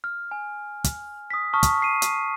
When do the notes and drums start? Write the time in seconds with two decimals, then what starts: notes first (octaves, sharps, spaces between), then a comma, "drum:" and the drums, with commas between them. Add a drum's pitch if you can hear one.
0.04 F6
0.31 G#5
0.84 drum: kick, hi-hat
1.30 D#6 B6
1.54 A5 C#6 D#6 F6
1.63 drum: kick, hi-hat
1.82 C7 D#7
2.02 drum: hi-hat